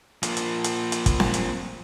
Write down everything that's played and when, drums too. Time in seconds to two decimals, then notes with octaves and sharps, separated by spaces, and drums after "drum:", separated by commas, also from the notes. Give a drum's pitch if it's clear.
0.23 F3 A#3, drum: hi-hat
0.37 drum: hi-hat
0.64 drum: hi-hat
0.92 drum: hi-hat
1.06 drum: kick, hi-hat
1.20 drum: snare C4
1.34 drum: hi-hat